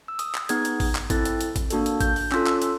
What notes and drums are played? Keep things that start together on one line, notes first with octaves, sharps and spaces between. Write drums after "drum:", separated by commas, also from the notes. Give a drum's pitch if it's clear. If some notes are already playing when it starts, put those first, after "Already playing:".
E6
D#6, drum: hi-hat
drum: clap
B3 D#4 G#4 G#6, drum: hi-hat
drum: hi-hat
drum: kick, open hi-hat
drum: clap
C4 E4 A4 A6, drum: kick, hi-hat
drum: hi-hat
drum: hi-hat
drum: kick, hi-hat
A#3 D4 F#4 A4, drum: hi-hat
drum: hi-hat
G6, drum: kick, hi-hat
drum: open hi-hat
C#4 F4 A4 E6, drum: clap
drum: clap
drum: hi-hat